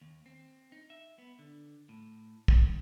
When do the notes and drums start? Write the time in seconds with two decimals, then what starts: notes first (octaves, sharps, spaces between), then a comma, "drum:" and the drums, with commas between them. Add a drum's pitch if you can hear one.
0.01 D#2
0.26 C4
0.72 D#4
0.90 E5
1.18 B3
1.39 D3
1.89 A2
2.48 G2, drum: kick